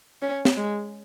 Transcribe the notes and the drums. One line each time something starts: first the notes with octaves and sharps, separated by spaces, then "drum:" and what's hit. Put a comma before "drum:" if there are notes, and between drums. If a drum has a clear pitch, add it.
C#4
drum: snare
G#3